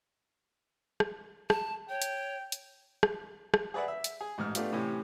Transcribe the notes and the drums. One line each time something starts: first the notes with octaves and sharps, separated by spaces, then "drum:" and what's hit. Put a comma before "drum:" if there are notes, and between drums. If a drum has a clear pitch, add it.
drum: rim click
A5, drum: rim click
C#5 G5
drum: hi-hat
drum: hi-hat
drum: rim click
drum: rim click
G#4 B4 D5 E5 F#5
E5
drum: hi-hat
G#4
A1 G#2 F6
A3 B3 D4 F4 G4, drum: hi-hat
A2 C3 E3 C#4 G4